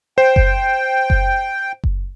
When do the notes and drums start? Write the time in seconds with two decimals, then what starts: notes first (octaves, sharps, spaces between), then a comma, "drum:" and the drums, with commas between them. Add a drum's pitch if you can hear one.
0.18 C5 G5
0.36 drum: kick F#1
1.10 drum: kick F#1
1.84 drum: kick F#1